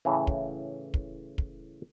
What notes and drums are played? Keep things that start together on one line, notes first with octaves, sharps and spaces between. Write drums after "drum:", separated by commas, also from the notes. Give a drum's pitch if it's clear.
A2 C#3 E3
drum: kick
drum: kick
drum: kick